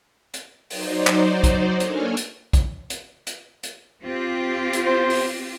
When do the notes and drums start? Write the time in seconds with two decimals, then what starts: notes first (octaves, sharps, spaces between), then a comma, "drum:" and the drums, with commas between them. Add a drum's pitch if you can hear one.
0.34 drum: hi-hat
0.70 F#3 D#4 C5 D5, drum: open hi-hat
1.07 drum: clap
1.44 drum: kick A#1, hi-hat
1.80 A#3 D4 A4 C#5 G#5 F6, drum: hi-hat
2.17 drum: hi-hat
2.53 drum: kick A#1, hi-hat
2.90 drum: hi-hat
3.27 drum: hi-hat
3.63 drum: hi-hat
4.05 C4 F4 G4
4.73 drum: hi-hat
4.86 C5
5.10 drum: open hi-hat